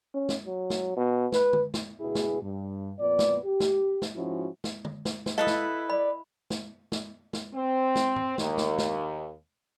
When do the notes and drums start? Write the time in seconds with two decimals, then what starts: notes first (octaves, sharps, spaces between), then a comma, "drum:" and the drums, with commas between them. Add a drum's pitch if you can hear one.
0.14 C#4
0.29 drum: snare
0.46 F#3
0.70 drum: snare
0.97 B2
1.32 B4, drum: snare
1.53 drum: tom
1.74 drum: snare
2.00 D2 B2 B3 E4 G#4
2.15 drum: snare
2.42 G2
2.99 F2 A#2 B3 D5
3.19 drum: snare
3.44 G4
3.60 drum: snare
4.02 drum: snare
4.15 G#2 F3 C#4 E4 F#4
4.64 drum: snare
4.85 drum: tom
5.05 drum: snare
5.26 drum: snare
5.38 E4 A4 B4 D#5 F5 D#6
5.47 drum: snare
5.90 D5 B5
6.50 drum: snare
6.92 drum: snare
7.33 drum: snare
7.55 C4
7.95 drum: snare
8.16 drum: tom G#2
8.38 D#2, drum: snare
8.58 drum: snare
8.78 drum: snare